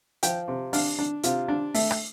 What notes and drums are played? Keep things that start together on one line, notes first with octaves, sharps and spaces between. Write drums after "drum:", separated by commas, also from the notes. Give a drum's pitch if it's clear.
F3 G5, drum: hi-hat
C3
D4 F5, drum: open hi-hat
D4
C3 F4, drum: hi-hat
D4
A3, drum: open hi-hat
drum: rim click